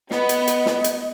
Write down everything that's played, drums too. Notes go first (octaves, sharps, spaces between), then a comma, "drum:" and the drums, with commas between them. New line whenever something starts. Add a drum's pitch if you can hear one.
B3 D#5, drum: snare
drum: hi-hat
drum: hi-hat
drum: snare
drum: hi-hat